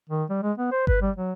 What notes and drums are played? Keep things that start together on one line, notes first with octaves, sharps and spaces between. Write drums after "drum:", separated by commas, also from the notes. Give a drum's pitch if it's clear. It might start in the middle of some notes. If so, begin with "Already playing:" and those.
D#3
G3
G#3
B3
C5
B4, drum: kick G1
G3
F#3